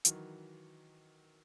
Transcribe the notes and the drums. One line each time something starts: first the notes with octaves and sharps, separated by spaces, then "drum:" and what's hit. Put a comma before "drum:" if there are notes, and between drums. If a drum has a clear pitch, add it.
D#3 E3 F#3, drum: hi-hat